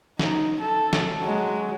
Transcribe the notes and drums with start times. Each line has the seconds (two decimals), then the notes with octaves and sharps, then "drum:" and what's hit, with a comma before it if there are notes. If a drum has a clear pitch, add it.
0.19 D#4, drum: snare
0.61 A4
0.93 drum: snare
1.22 F#3 G#3